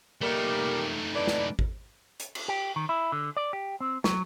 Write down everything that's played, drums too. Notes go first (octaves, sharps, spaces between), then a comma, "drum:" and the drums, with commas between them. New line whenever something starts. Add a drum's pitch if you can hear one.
G3 A3 A#3 D#4
E4 B4 D5
drum: snare
drum: kick G#1
drum: hi-hat
drum: cymbal
G4
D#3
E4
D3
D5
G4
C4
F#3, drum: snare